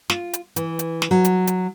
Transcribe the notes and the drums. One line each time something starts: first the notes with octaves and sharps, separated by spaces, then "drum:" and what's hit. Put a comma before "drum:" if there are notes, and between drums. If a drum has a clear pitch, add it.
F4, drum: snare
drum: hi-hat
E3, drum: hi-hat
drum: hi-hat
drum: snare
F#3
drum: hi-hat
drum: hi-hat